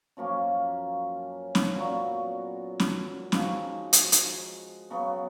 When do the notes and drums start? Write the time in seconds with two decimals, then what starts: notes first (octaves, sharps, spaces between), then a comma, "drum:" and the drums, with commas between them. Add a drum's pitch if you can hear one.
0.17 F#2 F3 A#3 C#4
1.55 drum: snare C#4
1.74 A#2 F#3 B3 F#4
2.80 drum: snare C#4
3.32 F3 G#3 D#4 F#4, drum: snare C#4
3.93 drum: hi-hat
4.12 drum: hi-hat
4.90 C#3 F#3 B3